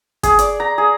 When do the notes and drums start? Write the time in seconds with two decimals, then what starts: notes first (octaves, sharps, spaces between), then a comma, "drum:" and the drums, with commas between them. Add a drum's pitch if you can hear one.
0.23 G#4, drum: kick, hi-hat
0.39 D5, drum: hi-hat
0.60 A#5
0.78 G#4